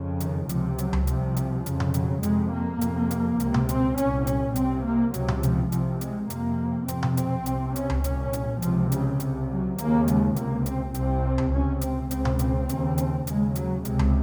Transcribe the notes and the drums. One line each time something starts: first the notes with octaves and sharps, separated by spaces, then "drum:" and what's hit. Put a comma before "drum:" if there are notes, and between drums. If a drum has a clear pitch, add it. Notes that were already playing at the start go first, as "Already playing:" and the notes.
Already playing: F2 C#3
D#3, drum: hi-hat
C#2 C3 F3, drum: hi-hat
F#3, drum: hi-hat
drum: tom C#2
C2 C3 F3, drum: hi-hat
drum: hi-hat
F2 C#3, drum: hi-hat
drum: tom B2
F#3, drum: hi-hat
F2 C3 G#3, drum: hi-hat
A#3
F2 C3, drum: hi-hat
drum: hi-hat
C#2 C3, drum: hi-hat
drum: tom B2
C4, drum: hi-hat
C2 A#2 C#4, drum: hi-hat
C#4, drum: hi-hat
C2 C3 C4, drum: hi-hat
A#3
C#2 C3 F#3, drum: hi-hat
drum: tom B2
F3, drum: hi-hat
C2 C3 F3, drum: hi-hat
G#3, drum: hi-hat
F2 C3 A#3, drum: hi-hat
F2 C3 C4, drum: hi-hat
drum: tom B2
C4, drum: hi-hat
C2 C3, drum: hi-hat
C#4, drum: hi-hat
drum: tom C#2
C2 A#2 C#4, drum: hi-hat
drum: hi-hat
C#2 C3 F3, drum: hi-hat
C#3, drum: hi-hat
C2 C3, drum: hi-hat
F#3
D#2 C#3 A#3, drum: hi-hat
G#3, drum: hi-hat
C#2 C3 A#3, drum: hi-hat
C4, drum: hi-hat
C2 C3 C4, drum: hi-hat
drum: tom C#2
C#2 C3 C#4
C4, drum: hi-hat
C#2 C#3 C4, drum: hi-hat
drum: tom B2
C4, drum: hi-hat
D#2 C#3, drum: hi-hat
drum: hi-hat
D#2 C#3 G#3, drum: hi-hat
F#3, drum: hi-hat
C#2 C3 G#3, drum: hi-hat
drum: tom C#2